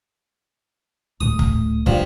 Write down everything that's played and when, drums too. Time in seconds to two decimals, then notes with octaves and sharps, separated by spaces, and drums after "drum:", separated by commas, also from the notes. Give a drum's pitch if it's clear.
1.21 D1 A2 D#6
1.39 drum: kick
1.86 G2 F3, drum: kick